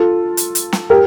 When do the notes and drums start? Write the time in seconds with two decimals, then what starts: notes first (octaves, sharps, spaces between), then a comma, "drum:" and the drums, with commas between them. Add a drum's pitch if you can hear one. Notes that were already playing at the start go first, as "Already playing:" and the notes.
Already playing: F4 A4
0.37 drum: hi-hat
0.55 drum: hi-hat
0.73 drum: snare
0.90 G4 A#4